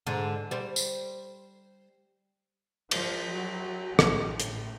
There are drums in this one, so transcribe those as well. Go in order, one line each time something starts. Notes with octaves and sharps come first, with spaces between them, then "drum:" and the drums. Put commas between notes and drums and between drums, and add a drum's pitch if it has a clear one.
G#2 D3
G3 C5
drum: tambourine
F3, drum: cymbal
F#3
A1, drum: rim click
A2, drum: hi-hat